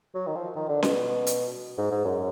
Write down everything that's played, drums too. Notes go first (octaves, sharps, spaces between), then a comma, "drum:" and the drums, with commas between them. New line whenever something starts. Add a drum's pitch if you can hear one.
F#3
D#3
F3
D#3
D3
B2, drum: snare C#4
drum: hi-hat
G#2
G#2
F#2